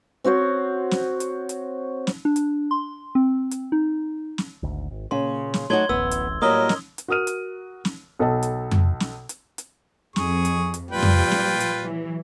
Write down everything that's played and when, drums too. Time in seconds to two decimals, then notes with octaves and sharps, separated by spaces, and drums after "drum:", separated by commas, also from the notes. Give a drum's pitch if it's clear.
0.24 C4 F#4 C5 C#5
0.91 drum: snare
1.20 drum: hi-hat
1.49 drum: hi-hat
2.07 drum: snare
2.25 D4
2.36 drum: hi-hat
2.71 C6
3.15 C4
3.51 drum: hi-hat
3.72 D#4
4.38 drum: snare
4.63 G#1 D2
4.91 G#1
5.11 A#2 C#3 A#3 C#4 C6
5.54 drum: snare
5.70 F#3 A3 D#4 F#4 C6 G#6 G7
5.89 D1 A1 A2 B3 E6
6.11 drum: hi-hat
6.42 A2 F#3 G3 A#3 A#4 D#5 D#6 G7
6.69 drum: snare
6.98 drum: hi-hat
7.08 F#4 A#4 D#6 F6 D#7
7.27 drum: hi-hat
7.85 drum: snare
8.19 B1 A4 D#5 A5
8.43 drum: hi-hat
8.71 drum: tom F2
9.00 drum: snare
9.29 drum: hi-hat
9.58 drum: hi-hat
10.16 F2 G#4 C#6, drum: snare
10.45 drum: hi-hat
10.74 drum: hi-hat
10.91 A#2 F3 G3 F4 B4 G5
11.03 drum: tom F2
11.31 drum: snare
11.60 drum: hi-hat
11.83 E3 F#3